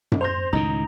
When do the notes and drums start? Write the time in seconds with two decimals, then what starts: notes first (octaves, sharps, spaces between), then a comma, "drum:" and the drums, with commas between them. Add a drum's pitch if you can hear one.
0.12 drum: tom F#2
0.21 C5 C6 G6 A#6 F7
0.53 C#2 A2 D#3 D#4 A#5